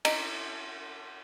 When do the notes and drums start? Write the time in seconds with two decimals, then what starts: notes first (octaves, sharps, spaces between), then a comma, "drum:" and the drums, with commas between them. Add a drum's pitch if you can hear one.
0.05 D#4, drum: cymbal